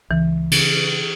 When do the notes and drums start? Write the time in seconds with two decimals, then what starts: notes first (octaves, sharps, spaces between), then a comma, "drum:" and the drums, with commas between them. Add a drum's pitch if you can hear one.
0.10 C#2 E3
0.52 C#3, drum: cymbal